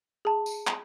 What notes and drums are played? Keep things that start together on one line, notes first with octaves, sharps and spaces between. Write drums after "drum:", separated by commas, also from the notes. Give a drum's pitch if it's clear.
G#4 A5
drum: tambourine
drum: clap